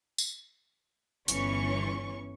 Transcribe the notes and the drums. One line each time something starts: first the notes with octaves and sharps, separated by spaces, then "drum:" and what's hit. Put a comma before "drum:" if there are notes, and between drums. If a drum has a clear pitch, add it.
drum: tambourine
G1 E3 C#4 C#6, drum: hi-hat